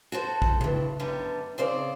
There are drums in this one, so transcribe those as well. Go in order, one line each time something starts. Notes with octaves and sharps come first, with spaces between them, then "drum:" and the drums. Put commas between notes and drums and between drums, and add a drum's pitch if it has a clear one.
F#4 A4 C5
drum: kick
G2 E3, drum: tom C#3
F#2 D3 G3 B3
C#3 C4 C5 D5